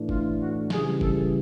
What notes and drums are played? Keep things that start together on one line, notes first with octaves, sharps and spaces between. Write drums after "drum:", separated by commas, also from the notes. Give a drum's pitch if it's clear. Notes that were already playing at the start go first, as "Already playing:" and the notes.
Already playing: A2 E3 A3 D4
F4, drum: kick
F#4
C#3 E3 G3 G#4, drum: snare
A4, drum: kick